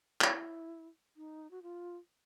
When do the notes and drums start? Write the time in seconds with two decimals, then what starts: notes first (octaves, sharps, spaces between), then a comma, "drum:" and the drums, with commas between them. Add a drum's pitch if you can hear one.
0.21 E4, drum: clap
1.16 D#4
1.51 F#4
1.62 F4